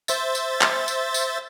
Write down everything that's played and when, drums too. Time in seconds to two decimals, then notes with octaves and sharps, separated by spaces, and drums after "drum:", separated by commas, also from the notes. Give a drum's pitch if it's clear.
0.08 C5 E5 A6, drum: tambourine
0.35 drum: tambourine
0.61 drum: clap
0.88 drum: tambourine
1.14 drum: tambourine